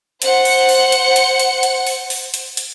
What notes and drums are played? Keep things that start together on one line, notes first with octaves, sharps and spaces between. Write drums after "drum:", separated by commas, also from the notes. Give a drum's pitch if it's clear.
C5 F#5 C#7, drum: hi-hat
drum: open hi-hat
drum: open hi-hat
drum: hi-hat
drum: hi-hat
drum: hi-hat
drum: hi-hat
drum: open hi-hat
drum: open hi-hat
drum: hi-hat
drum: hi-hat